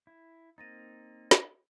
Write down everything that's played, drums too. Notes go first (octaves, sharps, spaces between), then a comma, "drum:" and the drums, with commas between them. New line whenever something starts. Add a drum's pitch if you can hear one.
E4
A#3 C4 D#4 A6 A#6 D#7
drum: snare